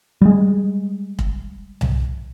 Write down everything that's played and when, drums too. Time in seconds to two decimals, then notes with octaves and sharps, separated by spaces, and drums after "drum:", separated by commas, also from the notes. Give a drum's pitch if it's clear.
0.22 G3 G#3
1.19 drum: kick
1.81 drum: tom C2